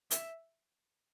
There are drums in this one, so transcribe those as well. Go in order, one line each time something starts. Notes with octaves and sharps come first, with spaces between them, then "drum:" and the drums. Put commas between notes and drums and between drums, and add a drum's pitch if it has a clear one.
E5, drum: hi-hat